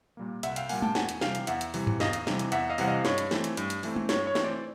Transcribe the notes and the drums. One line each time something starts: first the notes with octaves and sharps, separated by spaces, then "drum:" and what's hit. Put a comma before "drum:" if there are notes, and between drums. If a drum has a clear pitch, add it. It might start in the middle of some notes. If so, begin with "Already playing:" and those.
A#2 G3 A#3
C2 E5 F#5, drum: hi-hat
F5 G5, drum: hi-hat
A#2 G3 A#3 F#5 G#5, drum: open hi-hat
G5 A5, drum: tom
E2 F#5 G#5, drum: snare
drum: hi-hat
C3 E3 G3 F5 G5, drum: snare
drum: hi-hat
E2 E5 F#5, drum: hi-hat
drum: hi-hat
C3 E3 G3, drum: open hi-hat
drum: tom G2
E2 D#5 F5, drum: snare
drum: hi-hat
C3 E3 G3, drum: snare
drum: hi-hat
E2 E5 F#5, drum: hi-hat
D#5 F5
C3 E3 G3 F#5, drum: open hi-hat
D#5 F5
G2 C#5, drum: snare
drum: hi-hat
E3 A3 C4, drum: snare
drum: hi-hat
G2, drum: hi-hat
drum: hi-hat
E3 A3 C4, drum: open hi-hat
drum: tom
G2 C#5, drum: snare
C#5
E3 A3 C4, drum: snare
C5 D5